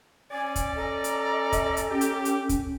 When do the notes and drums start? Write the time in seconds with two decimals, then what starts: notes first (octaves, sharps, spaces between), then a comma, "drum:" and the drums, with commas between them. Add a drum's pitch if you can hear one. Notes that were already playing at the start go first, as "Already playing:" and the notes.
0.31 C#4 D5 G#5
0.56 drum: kick, hi-hat
0.76 A4 D#5 A#5
1.04 drum: hi-hat
1.52 drum: kick, hi-hat
1.77 drum: hi-hat
1.91 C#4 G4
2.01 drum: hi-hat
2.25 drum: hi-hat
2.49 drum: kick, hi-hat